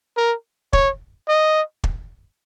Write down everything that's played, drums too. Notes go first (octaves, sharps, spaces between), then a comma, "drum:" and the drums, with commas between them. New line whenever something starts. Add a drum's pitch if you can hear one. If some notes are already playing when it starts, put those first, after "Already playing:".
A#4
C#5, drum: kick
D#5
drum: kick